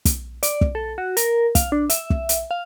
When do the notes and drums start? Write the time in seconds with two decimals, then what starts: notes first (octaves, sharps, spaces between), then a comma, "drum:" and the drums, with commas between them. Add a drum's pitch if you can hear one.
0.05 drum: kick, hi-hat
0.43 D5, drum: hi-hat
0.61 drum: kick
0.75 A4
0.98 F#4
1.17 A#4, drum: hi-hat
1.55 F5, drum: kick, hi-hat
1.72 D4
1.90 E5, drum: hi-hat
2.10 drum: kick
2.29 drum: hi-hat
2.51 F5